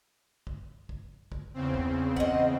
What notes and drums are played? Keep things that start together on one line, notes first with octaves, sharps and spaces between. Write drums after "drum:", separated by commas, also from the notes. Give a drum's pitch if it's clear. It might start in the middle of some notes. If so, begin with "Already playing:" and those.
drum: kick
drum: kick
drum: kick
E2 C#3 C4
drum: kick
D#5 F#5, drum: kick